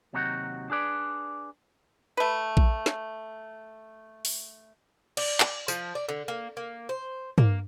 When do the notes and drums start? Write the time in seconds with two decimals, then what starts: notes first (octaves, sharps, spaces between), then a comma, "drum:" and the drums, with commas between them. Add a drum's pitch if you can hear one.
0.13 D#2 C3 F#3 D#4 F#4 F#5
0.70 D4 G#4 B4 D5
2.17 A3 B4
2.57 drum: kick A#1
2.86 drum: snare
4.25 drum: open hi-hat
5.17 D5, drum: cymbal
5.40 drum: clap
5.68 F3, drum: tambourine
5.95 D5
6.09 D3
6.28 A#3
6.57 A#3
6.89 C5
7.38 A#3, drum: tom